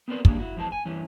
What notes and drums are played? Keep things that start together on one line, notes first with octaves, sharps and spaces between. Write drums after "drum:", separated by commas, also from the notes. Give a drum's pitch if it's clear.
B3 C4 A#4 B4 D5 C6
D#3 G3 G#3 A#3 D4 G#4, drum: kick
E4 F#4
F2 E3 G#3 A5
G#5
G2 E3 C#4